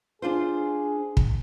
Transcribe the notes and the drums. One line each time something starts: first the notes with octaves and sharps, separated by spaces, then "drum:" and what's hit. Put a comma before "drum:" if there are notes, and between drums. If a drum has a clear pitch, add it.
D4 F4 G#4 C5
drum: kick